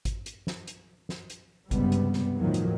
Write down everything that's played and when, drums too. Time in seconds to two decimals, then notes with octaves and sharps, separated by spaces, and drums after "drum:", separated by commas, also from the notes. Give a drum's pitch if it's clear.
0.05 drum: kick G#1, hi-hat
0.26 drum: hi-hat
0.47 drum: snare
0.68 drum: hi-hat
1.09 drum: snare
1.30 drum: hi-hat
1.71 C#2 G2 C3 G3 B3, drum: kick G#1, hi-hat
1.92 drum: hi-hat
2.13 drum: snare
2.38 E2 A2 D#3 F3 F#3
2.54 drum: hi-hat